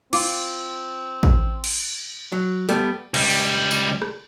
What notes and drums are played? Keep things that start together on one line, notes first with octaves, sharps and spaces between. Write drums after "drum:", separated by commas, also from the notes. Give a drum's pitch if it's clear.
C4 F4 D6, drum: cymbal
drum: kick A1
drum: cymbal
F#3
G3 A3 B3, drum: hi-hat
C#2 G3, drum: cymbal
drum: open hi-hat
drum: tambourine
drum: rim click